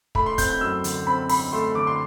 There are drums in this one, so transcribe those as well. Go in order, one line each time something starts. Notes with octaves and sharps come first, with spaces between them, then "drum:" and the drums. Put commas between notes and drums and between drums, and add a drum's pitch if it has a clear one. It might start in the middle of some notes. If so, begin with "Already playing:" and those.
A3 B5, drum: kick
C6
C4 G6, drum: kick, hi-hat
G6
F#2 E6
D3, drum: hi-hat
C4 B5
C4 B5, drum: open hi-hat
A3 C6
D3 D6
C6